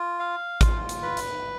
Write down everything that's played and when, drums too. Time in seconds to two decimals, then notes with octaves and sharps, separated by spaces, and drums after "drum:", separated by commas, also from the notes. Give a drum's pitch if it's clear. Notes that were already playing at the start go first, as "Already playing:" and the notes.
Already playing: F4
0.20 F5
0.61 F4, drum: kick, hi-hat
0.89 drum: hi-hat
1.03 B4
1.17 drum: hi-hat